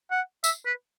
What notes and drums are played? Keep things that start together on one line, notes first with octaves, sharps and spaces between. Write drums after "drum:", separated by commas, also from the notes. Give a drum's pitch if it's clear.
F#5
E5, drum: tambourine
B4